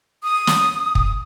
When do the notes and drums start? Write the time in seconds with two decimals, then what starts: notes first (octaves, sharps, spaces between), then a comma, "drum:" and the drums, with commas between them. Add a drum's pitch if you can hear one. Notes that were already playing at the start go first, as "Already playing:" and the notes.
0.23 D#6
0.47 drum: snare
0.95 drum: kick